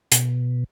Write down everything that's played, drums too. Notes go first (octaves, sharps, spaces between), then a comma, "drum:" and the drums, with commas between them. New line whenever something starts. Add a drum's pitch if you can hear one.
B2, drum: hi-hat